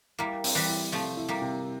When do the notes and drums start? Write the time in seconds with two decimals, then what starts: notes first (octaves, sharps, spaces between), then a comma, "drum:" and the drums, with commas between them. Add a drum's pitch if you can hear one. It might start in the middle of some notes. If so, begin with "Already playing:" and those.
0.19 G3 A#3 E4
0.44 C4, drum: open hi-hat
0.55 E3 G3
0.69 E4
0.92 C3 F3 A3
1.17 E4
1.28 G3 A#3
1.42 C3